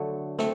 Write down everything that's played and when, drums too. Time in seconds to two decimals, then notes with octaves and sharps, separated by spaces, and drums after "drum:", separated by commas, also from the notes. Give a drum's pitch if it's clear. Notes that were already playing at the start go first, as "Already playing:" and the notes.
Already playing: D3 F#3 A3
0.39 A3 C4, drum: snare